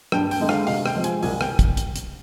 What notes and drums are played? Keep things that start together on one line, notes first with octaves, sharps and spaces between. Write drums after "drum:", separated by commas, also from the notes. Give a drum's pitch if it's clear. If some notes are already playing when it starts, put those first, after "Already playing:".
G2 G5, drum: rim click
G5, drum: open hi-hat
D3 G#3 D#4
F5, drum: rim click
C3 F5, drum: open hi-hat
G5, drum: rim click
F3 G#3 C4
G#5, drum: hi-hat
C2 G#5, drum: open hi-hat
G5, drum: rim click
drum: kick, hi-hat
drum: hi-hat
drum: hi-hat